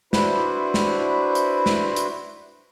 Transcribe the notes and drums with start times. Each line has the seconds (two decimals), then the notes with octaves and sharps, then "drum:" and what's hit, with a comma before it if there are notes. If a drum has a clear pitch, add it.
0.13 D4 E4 F#4 B4 C5, drum: snare
0.74 drum: snare
1.35 drum: hi-hat
1.66 drum: snare
1.96 drum: hi-hat